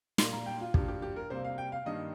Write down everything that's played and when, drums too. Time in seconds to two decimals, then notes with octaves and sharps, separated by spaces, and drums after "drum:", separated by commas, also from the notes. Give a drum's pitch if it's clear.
0.18 A#2 G3 A#3 C6, drum: snare
0.32 A#5
0.46 G5
0.61 F4
0.74 G2 F3 A#3 G4, drum: kick
0.88 G4
1.02 G4
1.16 A#4
1.30 C3 G3 A#3 C5
1.45 F5
1.58 G5
1.72 F5
1.85 G2 D#3 G3 A#3 D#5